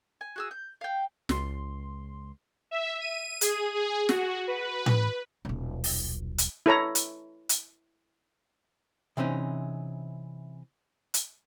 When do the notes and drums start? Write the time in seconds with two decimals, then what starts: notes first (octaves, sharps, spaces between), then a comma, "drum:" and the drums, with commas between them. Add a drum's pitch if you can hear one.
0.21 G#5
0.36 F#4 G#4 E6
0.51 G6
0.81 F5 G5
1.29 C#2 C6, drum: snare
2.71 E5
3.01 D#7
3.41 G#4, drum: hi-hat
3.74 G#4
4.09 F#4, drum: snare
4.48 B4
4.86 drum: tom A2
5.45 D#1 B1
5.84 drum: open hi-hat
6.38 drum: hi-hat
6.66 E4 A4 C#5 A#5
6.95 drum: hi-hat
7.49 drum: hi-hat
9.17 C3 E3 C4 C#4 D#4
11.14 drum: hi-hat